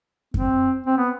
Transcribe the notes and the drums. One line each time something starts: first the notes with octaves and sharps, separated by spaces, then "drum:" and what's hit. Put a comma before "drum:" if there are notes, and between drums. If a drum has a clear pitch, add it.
C4, drum: kick F#2
C4
B3